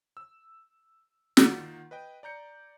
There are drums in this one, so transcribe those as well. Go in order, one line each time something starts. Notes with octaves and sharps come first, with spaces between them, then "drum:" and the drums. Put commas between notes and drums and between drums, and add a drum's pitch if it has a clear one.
E6
D#3 A#3 F4 F#5, drum: snare
B4 D#5 G5
D5 A#5 G6 C#7